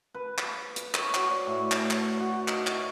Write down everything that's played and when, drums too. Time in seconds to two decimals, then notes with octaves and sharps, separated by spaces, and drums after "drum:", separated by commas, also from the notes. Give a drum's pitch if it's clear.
0.14 B4
0.38 drum: clap
0.76 drum: hi-hat
0.94 C#5, drum: clap
1.14 F#4, drum: clap
1.30 D5
1.47 A2
1.72 drum: clap
1.91 drum: clap
2.20 F#4
2.48 D#4, drum: clap
2.67 drum: clap